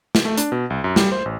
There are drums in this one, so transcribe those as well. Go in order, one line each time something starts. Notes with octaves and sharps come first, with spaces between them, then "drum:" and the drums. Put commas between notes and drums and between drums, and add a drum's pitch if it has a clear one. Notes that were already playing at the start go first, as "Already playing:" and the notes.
drum: snare
A3
D4, drum: hi-hat
B2
C2
F#2
G3, drum: snare
C5
A1